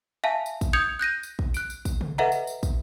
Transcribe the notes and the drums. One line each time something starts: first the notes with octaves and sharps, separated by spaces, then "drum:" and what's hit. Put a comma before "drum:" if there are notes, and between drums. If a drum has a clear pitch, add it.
E5 F5 G#5 A5
drum: tambourine
drum: kick, tambourine
D#6 G6 G#6 C#7 F7
F#6 G6 A#6 D#7
drum: tambourine
drum: kick
F#6 D7, drum: tambourine
drum: tambourine
drum: kick, tambourine
drum: tom
A4 B4 D#5 E5 F#5 A#5
drum: tambourine
drum: tambourine
drum: kick, tambourine